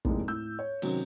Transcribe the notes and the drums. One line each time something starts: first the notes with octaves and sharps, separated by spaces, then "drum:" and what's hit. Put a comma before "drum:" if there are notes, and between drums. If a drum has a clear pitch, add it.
F1 D#2 A2 G#3, drum: kick
A2 E6 G6
C#5
C3 D#3 F#3 C4 C#4, drum: open hi-hat